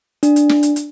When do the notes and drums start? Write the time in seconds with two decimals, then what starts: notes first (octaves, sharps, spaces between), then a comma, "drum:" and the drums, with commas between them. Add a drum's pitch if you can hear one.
0.23 D4, drum: hi-hat
0.36 drum: hi-hat
0.49 drum: snare
0.63 drum: hi-hat
0.76 drum: hi-hat